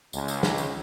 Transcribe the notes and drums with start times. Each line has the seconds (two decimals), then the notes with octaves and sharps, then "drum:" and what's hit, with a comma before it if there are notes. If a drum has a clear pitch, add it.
0.13 C#2, drum: tambourine
0.28 drum: tambourine
0.43 drum: snare
0.58 drum: tambourine